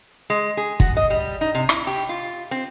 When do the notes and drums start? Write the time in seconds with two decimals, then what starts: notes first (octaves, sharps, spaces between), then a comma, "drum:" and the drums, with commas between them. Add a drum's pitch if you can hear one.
0.30 G#3
0.57 G#4
0.80 F#4, drum: kick
0.97 D#5
1.10 G3
1.41 D#4
1.55 C3
1.69 E4, drum: rim click
1.87 G4
2.09 F4
2.51 C4